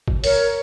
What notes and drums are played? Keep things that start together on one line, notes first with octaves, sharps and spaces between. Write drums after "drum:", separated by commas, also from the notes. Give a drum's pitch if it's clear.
drum: kick
A#4 C#5, drum: open hi-hat